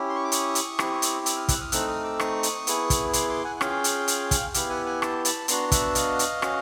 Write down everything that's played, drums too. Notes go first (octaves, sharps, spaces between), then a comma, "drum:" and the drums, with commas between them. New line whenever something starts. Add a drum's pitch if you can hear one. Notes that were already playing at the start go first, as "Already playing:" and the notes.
Already playing: C#4 E4 G4
C6
C#6
D6
C#6 D#6, drum: hi-hat
drum: hi-hat
C4 E4 G4, drum: rim click
drum: hi-hat
D6 E6, drum: hi-hat
D#6 F6
E6 F#6, drum: kick, hi-hat
D#6 F6
A3 C4 D#4 E6 F#6, drum: hi-hat
D#6 F6
D6 E6
C#6 D#6, drum: rim click
drum: hi-hat
B3 E4 G#4, drum: hi-hat
drum: kick, hi-hat
C6 D6, drum: hi-hat
C6 D6
F#5 G#5
F#5
C#4 F4 G#4 F5 G5, drum: rim click
drum: hi-hat
drum: hi-hat
drum: kick, hi-hat
B3 E4 G4 F5 G5, drum: hi-hat
F#5 G#5
F#5 G#5
G5 A5, drum: rim click
A5 B5, drum: hi-hat
B3 D4 F#4 A#5 C6, drum: hi-hat
E5 F#5, drum: kick, hi-hat
D#5 F5, drum: hi-hat
drum: hi-hat
C#4 F#4, drum: rim click